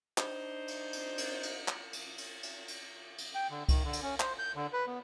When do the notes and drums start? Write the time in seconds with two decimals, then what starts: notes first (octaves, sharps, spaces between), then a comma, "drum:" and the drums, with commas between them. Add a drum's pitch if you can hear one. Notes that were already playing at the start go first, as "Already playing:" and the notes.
0.18 D4 D#4 C5, drum: clap
0.68 drum: cymbal
0.93 drum: cymbal
1.18 drum: cymbal
1.43 drum: cymbal
1.68 drum: clap
1.93 drum: cymbal
2.18 drum: cymbal
2.43 drum: cymbal
2.68 drum: cymbal
3.18 drum: cymbal
3.35 G5
3.50 D3
3.69 D#3, drum: kick C2, cymbal
3.84 D3
3.93 drum: cymbal
4.03 C#4
4.20 C5, drum: clap
4.39 G6
4.55 D3
4.73 B4
4.87 B3